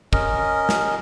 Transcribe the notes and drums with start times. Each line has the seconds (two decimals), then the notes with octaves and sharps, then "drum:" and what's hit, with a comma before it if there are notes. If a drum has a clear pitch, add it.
0.13 C#4 A#4 D#5, drum: kick
0.69 drum: snare